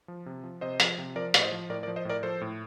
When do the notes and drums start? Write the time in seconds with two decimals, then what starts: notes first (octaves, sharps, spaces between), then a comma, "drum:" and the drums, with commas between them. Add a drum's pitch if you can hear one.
0.08 F3
0.26 C3
0.44 F3
0.61 C3 C5 D#5
0.80 F3, drum: hi-hat
0.98 C3
1.16 F3 A#4 D5
1.34 A2, drum: hi-hat
1.42 C5 D#5
1.52 F3
1.70 A2 A#4 D5
1.83 A#4 D5
1.87 F3
1.96 C5 D#5
2.05 A2 A#4 D5
2.23 F3 A4 C5
2.41 A2